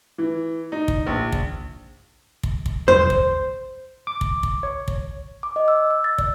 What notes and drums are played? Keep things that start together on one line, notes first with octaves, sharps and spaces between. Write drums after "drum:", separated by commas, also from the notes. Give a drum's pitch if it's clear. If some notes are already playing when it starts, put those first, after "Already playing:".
E3
D#4
drum: kick
A#1
drum: kick
drum: kick
drum: kick
C5, drum: tom E2
drum: kick
D6
drum: kick
drum: kick
C#5
drum: kick
D6
D#5
E6
E6
A6
D5, drum: kick